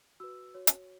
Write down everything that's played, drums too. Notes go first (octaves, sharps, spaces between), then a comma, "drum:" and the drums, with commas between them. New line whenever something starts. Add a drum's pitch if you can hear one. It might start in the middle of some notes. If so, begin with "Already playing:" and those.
F#4 B4 E6
F#4 C#5
drum: hi-hat